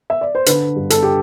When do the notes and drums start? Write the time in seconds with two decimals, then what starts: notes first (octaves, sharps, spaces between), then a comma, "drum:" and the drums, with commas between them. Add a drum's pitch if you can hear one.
0.10 E5
0.21 D5
0.35 C5
0.46 D3 B4, drum: hi-hat
0.76 G2
0.90 A4, drum: hi-hat
1.03 G4